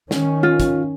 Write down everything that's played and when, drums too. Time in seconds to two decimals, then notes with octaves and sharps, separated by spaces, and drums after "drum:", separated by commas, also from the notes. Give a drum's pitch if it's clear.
0.11 D#3 C#4, drum: snare
0.43 F4
0.60 drum: kick, hi-hat